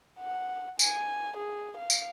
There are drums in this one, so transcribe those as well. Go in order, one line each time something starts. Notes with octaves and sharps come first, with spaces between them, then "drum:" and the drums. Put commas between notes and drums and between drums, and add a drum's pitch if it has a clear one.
F#5
G#5, drum: tambourine
G#4
F5
drum: tambourine